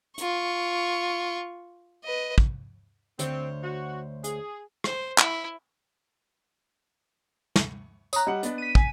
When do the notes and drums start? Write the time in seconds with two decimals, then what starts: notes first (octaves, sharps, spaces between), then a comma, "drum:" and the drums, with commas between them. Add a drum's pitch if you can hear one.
0.18 F4 C#6, drum: hi-hat
2.04 B4 D#5
2.38 drum: kick
3.19 D2 C4 C5 C#5, drum: hi-hat
3.64 F#4
4.24 G#4, drum: hi-hat
4.84 C5, drum: rim click
5.18 E4, drum: clap
7.56 drum: snare
8.13 C#5 A#5 D#6 F#6, drum: tambourine
8.27 G3 D#5 F#5
8.43 B3 D4, drum: hi-hat
8.58 B6 D#7
8.75 G#5, drum: kick